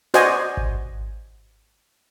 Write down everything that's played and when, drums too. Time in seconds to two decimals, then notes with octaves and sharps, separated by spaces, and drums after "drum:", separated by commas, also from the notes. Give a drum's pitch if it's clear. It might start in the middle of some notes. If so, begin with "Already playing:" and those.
0.14 F#4 C5 D5 D#5 G#5, drum: snare
0.57 drum: kick G#1